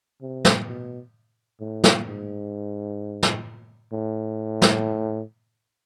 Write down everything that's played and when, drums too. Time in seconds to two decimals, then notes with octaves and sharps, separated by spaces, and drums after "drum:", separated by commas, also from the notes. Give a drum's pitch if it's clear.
0.21 C3
0.45 drum: snare
0.68 B2
1.61 A2
1.84 drum: snare
2.07 G#2
3.23 drum: snare
3.93 A2
4.62 drum: snare